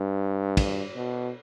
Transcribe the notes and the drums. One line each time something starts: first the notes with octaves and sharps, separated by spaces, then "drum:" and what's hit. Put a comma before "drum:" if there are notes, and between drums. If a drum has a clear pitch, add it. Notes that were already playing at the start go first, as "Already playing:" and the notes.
Already playing: G2
drum: kick, cymbal
B2